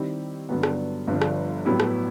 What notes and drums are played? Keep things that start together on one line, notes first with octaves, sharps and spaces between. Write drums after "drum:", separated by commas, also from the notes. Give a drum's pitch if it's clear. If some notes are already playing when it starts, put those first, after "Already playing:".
Already playing: D#3 G3 C4 E4 G4
G2 D3 F#3 B3
drum: rim click
G1 G2 D3 F3
drum: rim click
A2 F#3 B3 E4 G4
drum: rim click